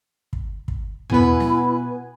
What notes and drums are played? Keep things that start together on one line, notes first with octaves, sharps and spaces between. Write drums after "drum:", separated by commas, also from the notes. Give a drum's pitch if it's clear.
drum: kick
drum: kick
B2 B3 E4 B4 G#5, drum: tom
drum: snare